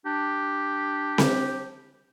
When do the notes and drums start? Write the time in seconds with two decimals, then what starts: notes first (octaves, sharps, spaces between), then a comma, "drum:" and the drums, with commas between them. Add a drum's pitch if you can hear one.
0.06 D4 G4
1.18 drum: snare C4